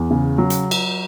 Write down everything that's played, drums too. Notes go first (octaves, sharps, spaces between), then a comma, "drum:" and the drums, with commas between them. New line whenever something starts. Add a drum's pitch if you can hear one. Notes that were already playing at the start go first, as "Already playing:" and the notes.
Already playing: E2
C#3
F#3
drum: hi-hat
drum: cymbal